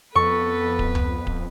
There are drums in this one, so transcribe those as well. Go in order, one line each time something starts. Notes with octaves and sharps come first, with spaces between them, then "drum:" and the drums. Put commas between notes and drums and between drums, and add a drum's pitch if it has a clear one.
F2 B3 A4 B4 C#6
drum: kick D1
drum: tom C#2
drum: kick D1